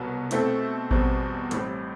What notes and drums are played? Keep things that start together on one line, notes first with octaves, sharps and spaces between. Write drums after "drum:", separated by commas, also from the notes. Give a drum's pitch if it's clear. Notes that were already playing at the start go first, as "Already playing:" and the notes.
Already playing: C2 B2 F#3 B3
B2 A3 C4 E4 A4, drum: hi-hat
E2 B2 G3 C4, drum: kick A1
A1 A2 G3 C4, drum: hi-hat